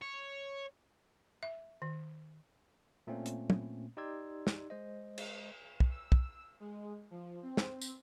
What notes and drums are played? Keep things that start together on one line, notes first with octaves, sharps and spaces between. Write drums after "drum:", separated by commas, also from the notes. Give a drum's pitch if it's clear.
C#5
E5
D#3
A#2 A3 A#3 C4 C#4
drum: hi-hat
drum: tom
D#4 G4 D5 C6 E6 G#6
drum: snare
G#3 C5 D#5
drum: cymbal
drum: kick
E6
drum: kick
G#3
F3
C4
drum: snare
drum: tambourine